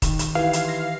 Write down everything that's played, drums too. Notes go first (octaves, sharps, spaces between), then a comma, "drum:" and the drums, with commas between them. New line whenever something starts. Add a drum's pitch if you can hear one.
D#3, drum: kick, hi-hat
drum: hi-hat
E3 G4 F5
drum: hi-hat
C6 A#6